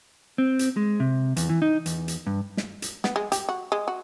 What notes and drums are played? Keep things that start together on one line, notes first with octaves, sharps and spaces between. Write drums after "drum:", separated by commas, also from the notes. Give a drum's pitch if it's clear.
C4
drum: hi-hat
G#3
C3
E2, drum: hi-hat
E3
D#4
E2, drum: hi-hat
drum: hi-hat
G2
drum: snare
drum: hi-hat
B3, drum: snare
G#3
G4, drum: hi-hat
F#4
G#3
F#4